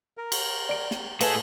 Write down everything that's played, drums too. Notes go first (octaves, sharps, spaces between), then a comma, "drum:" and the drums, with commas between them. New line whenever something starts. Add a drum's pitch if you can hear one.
A#4
drum: cymbal
D5 D7
drum: snare
A2 G#4 A4 B4 D#5 F5 A5, drum: cymbal